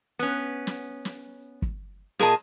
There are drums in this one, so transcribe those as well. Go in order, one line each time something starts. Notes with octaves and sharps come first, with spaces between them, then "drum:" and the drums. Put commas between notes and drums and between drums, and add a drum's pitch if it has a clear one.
B3 C#4
drum: snare
drum: snare
drum: kick
A#2 G#4 A#4 D#5 A5, drum: snare